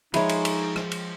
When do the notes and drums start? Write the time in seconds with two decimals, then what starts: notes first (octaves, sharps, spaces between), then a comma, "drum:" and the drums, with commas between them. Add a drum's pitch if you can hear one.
0.14 F3 G#3 D#4 C#5 E5 B5, drum: cymbal
0.29 drum: cymbal
0.45 drum: cymbal
0.76 drum: rim click
0.91 drum: cymbal